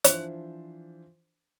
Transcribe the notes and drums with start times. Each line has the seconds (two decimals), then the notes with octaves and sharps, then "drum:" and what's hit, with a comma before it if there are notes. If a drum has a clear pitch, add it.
0.04 E3 F3 D4 C5, drum: hi-hat